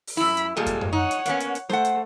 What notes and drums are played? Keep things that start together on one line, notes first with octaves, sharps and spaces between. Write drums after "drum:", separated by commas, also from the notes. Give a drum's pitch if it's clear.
drum: open hi-hat
F#2 E4 B5
drum: hi-hat
A#2 G3 G#3 A#3 A4
drum: kick E2, hi-hat
drum: tom F#2
D#4 C#5 F#5
drum: hi-hat
A#3 B3 C#4, drum: hi-hat
drum: hi-hat
drum: hi-hat
A3 C5 F#5, drum: snare
drum: hi-hat